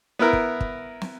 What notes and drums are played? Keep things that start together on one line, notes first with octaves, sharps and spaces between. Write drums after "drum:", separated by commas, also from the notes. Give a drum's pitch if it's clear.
B3 E4 A#4
drum: kick
drum: kick
drum: snare